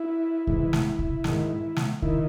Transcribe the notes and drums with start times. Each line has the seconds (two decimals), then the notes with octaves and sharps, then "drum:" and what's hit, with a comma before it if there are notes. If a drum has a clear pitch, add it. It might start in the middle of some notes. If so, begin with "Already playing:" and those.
Already playing: E4
0.47 G#2 E3, drum: kick C2
0.73 drum: snare
0.99 drum: kick C2
1.24 G#2 D#3, drum: snare
1.76 drum: snare
2.02 D#3 E4, drum: kick C2